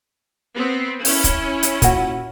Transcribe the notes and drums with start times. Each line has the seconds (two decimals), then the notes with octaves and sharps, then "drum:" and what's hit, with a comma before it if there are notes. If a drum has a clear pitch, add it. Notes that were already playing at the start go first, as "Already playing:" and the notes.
0.54 B3 C4
1.05 C#4 E4, drum: open hi-hat
1.24 drum: kick, hi-hat
1.63 drum: hi-hat
1.82 A#2 F#4, drum: kick, hi-hat